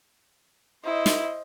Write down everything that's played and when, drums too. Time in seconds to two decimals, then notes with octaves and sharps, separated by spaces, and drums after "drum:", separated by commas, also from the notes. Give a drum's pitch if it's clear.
0.85 E4 C5 D#5
1.06 drum: snare